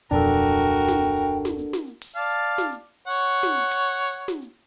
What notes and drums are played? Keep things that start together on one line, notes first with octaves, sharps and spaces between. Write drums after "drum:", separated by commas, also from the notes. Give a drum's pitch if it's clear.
D1 F2 B2 D4 F#4 A4 A#4 G5
drum: hi-hat
drum: hi-hat
drum: hi-hat
drum: snare
drum: hi-hat
drum: hi-hat
drum: snare
drum: hi-hat
drum: snare
drum: hi-hat
drum: open hi-hat
D5 F5 A5
drum: hi-hat
drum: hi-hat
drum: snare
drum: hi-hat
C#5 F#5
drum: hi-hat
drum: snare
drum: hi-hat
drum: open hi-hat
drum: hi-hat
drum: hi-hat
drum: hi-hat
drum: snare
drum: hi-hat